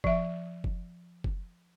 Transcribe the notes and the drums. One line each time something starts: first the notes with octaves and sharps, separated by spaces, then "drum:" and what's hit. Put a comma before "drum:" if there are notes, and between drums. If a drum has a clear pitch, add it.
F3 E5, drum: kick F#1
drum: kick F#1
drum: kick F#1